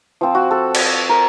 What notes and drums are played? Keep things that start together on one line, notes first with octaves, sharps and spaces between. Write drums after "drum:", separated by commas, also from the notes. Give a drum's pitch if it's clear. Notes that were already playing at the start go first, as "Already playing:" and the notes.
F3 C4 F4
F#4
A4
drum: cymbal
A#4